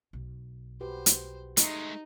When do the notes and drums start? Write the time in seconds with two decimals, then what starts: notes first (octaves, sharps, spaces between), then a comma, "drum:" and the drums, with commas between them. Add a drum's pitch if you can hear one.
0.13 B1
0.81 F#4 G4 B4 C5
1.06 drum: hi-hat
1.57 G#3 A3 D#4, drum: hi-hat